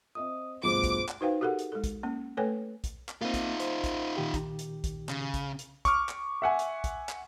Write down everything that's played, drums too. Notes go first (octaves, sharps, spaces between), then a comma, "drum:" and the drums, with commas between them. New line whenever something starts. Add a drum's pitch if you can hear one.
C4 D#5 E5 D#6
D2 G2 B2 F4 G#4 C5 D6
drum: kick, hi-hat
drum: clap
D#4 F#4 B4 C5 F5 G5
F#4 G4 A4 A#4 F#5
drum: hi-hat
G#3 A4
drum: kick, hi-hat
A#3 C#4
A3 A4 B4 C#5 G5 G#5
drum: kick, hi-hat
drum: clap
A#3 C4 D#4 F4
drum: kick, hi-hat
C5, drum: hi-hat
drum: kick, hi-hat
A#2 D#3 G4
drum: kick, hi-hat
drum: hi-hat
drum: kick, hi-hat
C#3, drum: clap
drum: kick, hi-hat
drum: hi-hat
C#6 D6 F6, drum: kick, hi-hat
drum: clap
E5 F#5 G#5
drum: hi-hat
drum: kick, hi-hat
drum: clap